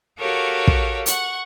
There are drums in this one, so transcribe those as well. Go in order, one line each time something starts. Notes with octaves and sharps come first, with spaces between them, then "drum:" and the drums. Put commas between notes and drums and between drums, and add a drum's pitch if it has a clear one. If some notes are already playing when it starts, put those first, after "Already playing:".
F#4 G4 A4 A#4 C#5 F5
drum: kick
F#5 C#6, drum: hi-hat